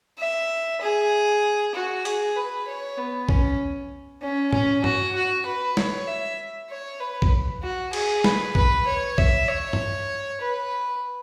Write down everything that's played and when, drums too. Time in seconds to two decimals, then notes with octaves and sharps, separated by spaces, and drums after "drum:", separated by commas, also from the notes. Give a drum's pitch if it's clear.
0.19 E5
0.82 G#4
1.75 F#4
2.05 G#4, drum: hi-hat
2.37 B4
2.68 C#5
2.98 B3
3.29 C#4, drum: kick
4.22 C#4
4.53 C#4, drum: tom A2
4.84 F#4, drum: tom G2
5.15 F#4
5.46 B4
5.77 C#5, drum: snare
6.07 E5
6.70 C#5
7.00 B4
7.22 drum: kick
7.63 F#4
7.93 G#4, drum: cymbal
8.24 B4, drum: snare
8.55 B4, drum: kick
8.87 C#5
9.18 E5, drum: kick
9.48 C#5
9.73 drum: tom G2
10.42 B4